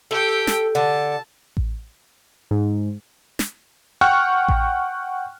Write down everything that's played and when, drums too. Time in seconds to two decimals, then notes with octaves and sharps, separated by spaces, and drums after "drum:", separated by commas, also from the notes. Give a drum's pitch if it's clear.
0.11 G4 A4 G5
0.47 drum: snare
0.75 D3 A5
1.57 drum: kick A1
2.51 G#2
3.39 drum: snare
4.01 F#5 G5 C#6 F6 F#6
4.48 drum: kick A1